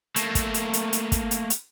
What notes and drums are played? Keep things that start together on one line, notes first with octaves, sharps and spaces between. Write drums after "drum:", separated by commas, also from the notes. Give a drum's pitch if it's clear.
A3 A#3, drum: hi-hat
drum: kick, hi-hat
drum: hi-hat
drum: hi-hat
drum: hi-hat
drum: kick, hi-hat
drum: hi-hat
drum: hi-hat